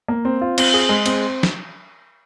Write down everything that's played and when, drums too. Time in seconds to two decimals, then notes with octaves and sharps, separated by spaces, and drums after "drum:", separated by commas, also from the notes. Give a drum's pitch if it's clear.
0.08 A#3
0.25 C4
0.41 F4
0.58 C4, drum: cymbal
0.74 G#4
0.89 G#3
1.06 C4, drum: cymbal
1.43 drum: snare